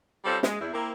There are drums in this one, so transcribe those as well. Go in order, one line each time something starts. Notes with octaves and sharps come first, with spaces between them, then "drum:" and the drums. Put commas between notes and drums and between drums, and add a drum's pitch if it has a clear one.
G3 C4 C#4 F4 A4 C5
G#3, drum: snare
E2 E4
A#3 C4 E4